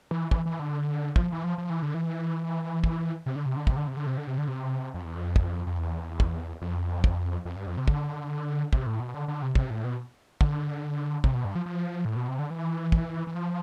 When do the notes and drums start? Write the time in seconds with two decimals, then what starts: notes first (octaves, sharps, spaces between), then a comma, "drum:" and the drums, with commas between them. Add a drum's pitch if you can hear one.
0.11 E3
0.31 E3, drum: kick
0.46 E3
0.60 D3
1.16 F3, drum: kick
1.32 E3
1.44 F3
1.58 F3
1.70 E3
1.82 D3
1.94 E3
2.84 drum: kick
3.26 C3
3.36 D3
3.46 C3
3.57 D3
3.67 C3, drum: kick
3.76 D3
3.87 C3
3.97 D3
4.07 C3
4.17 D3
4.27 C3
4.38 D3
4.48 C3
4.94 F2
5.05 E2
5.16 F2
5.36 drum: kick
5.67 F2
5.78 E2
6.20 drum: kick
6.62 F2
7.04 drum: kick
7.45 F2
7.56 G2
7.67 F2
7.77 C3
7.88 D3, drum: kick
8.73 C3, drum: kick
8.86 A2
9.00 B2
9.14 D3
9.28 D3
9.42 C3
9.55 C3, drum: kick
9.70 A2
9.84 B2
10.41 D3, drum: kick
11.24 C3, drum: kick
11.34 B2
11.45 G2
11.55 F3
11.66 F3
12.05 A2
12.16 B2
12.28 C3
12.39 D3
12.50 E3
12.92 drum: kick
13.27 E3
13.35 F3